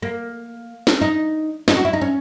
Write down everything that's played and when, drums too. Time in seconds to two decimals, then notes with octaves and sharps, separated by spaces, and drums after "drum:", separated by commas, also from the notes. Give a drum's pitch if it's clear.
0.02 A#3
0.87 drum: snare
1.01 D#4
1.68 D#4, drum: snare
1.77 F#4
1.85 E4
1.93 D#4
2.01 C#4